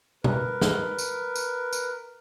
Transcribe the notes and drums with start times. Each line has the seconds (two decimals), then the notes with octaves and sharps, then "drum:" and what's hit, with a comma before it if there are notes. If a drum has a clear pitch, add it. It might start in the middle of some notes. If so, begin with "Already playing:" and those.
0.24 A#4 B4, drum: tom B2
0.61 drum: snare
0.98 drum: tambourine
1.36 drum: tambourine
1.73 drum: tambourine